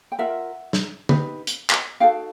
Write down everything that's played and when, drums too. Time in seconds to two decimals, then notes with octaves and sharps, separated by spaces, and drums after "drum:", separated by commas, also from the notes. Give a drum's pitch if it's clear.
0.12 G5
0.19 F4 A#4 E5 F#5
0.73 drum: snare
1.09 D#4 G4 B4, drum: tom
1.47 drum: hi-hat
1.70 drum: clap
2.00 D#4 F#4 A4 F5 G5